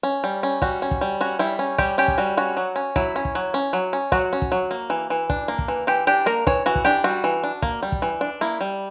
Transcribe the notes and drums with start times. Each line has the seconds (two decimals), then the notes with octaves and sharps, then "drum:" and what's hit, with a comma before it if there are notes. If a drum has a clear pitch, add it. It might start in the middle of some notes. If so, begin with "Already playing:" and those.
0.03 C#4
0.24 G3
0.43 C#4
0.62 G3 F#4, drum: kick
0.82 C#4
0.91 drum: kick
1.01 G3
1.21 C#4 F#4
1.39 G3 E4
1.59 C#4
1.78 G3 G4, drum: kick
1.98 C#4 G4
2.08 drum: kick
2.18 G3 F#4
2.37 C#4 F#4
2.57 F#3
2.76 C#4
2.96 F#3 E4, drum: kick
3.16 C#4
3.25 drum: kick
3.35 F#3
3.54 C#4
3.73 F#3
3.93 C#4
4.12 F#3 F#4, drum: kick
4.33 C#4
4.42 drum: kick
4.52 F#3
4.71 A#3
4.90 E3
5.10 E3
5.30 D4, drum: kick
5.48 A#3
5.59 drum: kick
5.68 E3
5.87 E3 G4
6.07 D4 G4
6.26 A#3 A#4
6.47 E3 C#5, drum: kick
6.66 E3 F#4
6.75 drum: kick
6.85 D4 G4
7.04 G3 F#4
7.24 E3
7.43 D4
7.62 A#3, drum: kick
7.83 G3
7.92 drum: kick
8.02 E3
8.21 D4
8.41 A#3 E4
8.61 G3